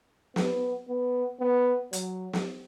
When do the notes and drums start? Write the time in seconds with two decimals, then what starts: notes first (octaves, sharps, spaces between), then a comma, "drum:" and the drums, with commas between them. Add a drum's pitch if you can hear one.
0.36 B3, drum: snare
0.88 B3
1.41 B3
1.93 F#3, drum: hi-hat
2.33 drum: snare